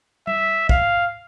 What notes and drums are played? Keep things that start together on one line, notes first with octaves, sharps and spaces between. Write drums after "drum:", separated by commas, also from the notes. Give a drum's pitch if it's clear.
E5, drum: tom G3
F5, drum: kick